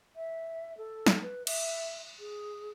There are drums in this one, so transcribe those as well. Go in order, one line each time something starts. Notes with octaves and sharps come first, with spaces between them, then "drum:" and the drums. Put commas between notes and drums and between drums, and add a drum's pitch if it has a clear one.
E5
A4
drum: snare
B4
E5, drum: cymbal
G#4